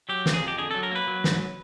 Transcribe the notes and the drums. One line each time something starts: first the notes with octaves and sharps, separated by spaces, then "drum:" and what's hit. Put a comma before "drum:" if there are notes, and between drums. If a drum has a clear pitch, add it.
F#3 G4
A#3, drum: snare
G#4
F2
G4
D3 G#4
F#3 A4
A#4
A#3 B4
F#3
G#2, drum: snare